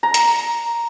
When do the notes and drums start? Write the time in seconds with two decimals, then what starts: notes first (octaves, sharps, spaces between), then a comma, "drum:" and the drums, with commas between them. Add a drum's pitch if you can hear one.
0.03 A#5
0.14 drum: hi-hat